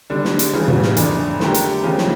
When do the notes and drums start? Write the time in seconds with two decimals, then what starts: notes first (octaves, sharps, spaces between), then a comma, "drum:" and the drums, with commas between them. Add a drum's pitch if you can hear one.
0.10 D3 G3 D4
0.25 drum: snare
0.39 drum: hi-hat
0.53 C#3 E3 G3
0.68 drum: tom
0.82 drum: snare
0.97 F2 D3 A3 D4, drum: hi-hat
1.40 D3 A3 D4 G4 A#4, drum: snare
1.54 drum: hi-hat
1.83 C#3 F3 C#4 G4
1.98 drum: snare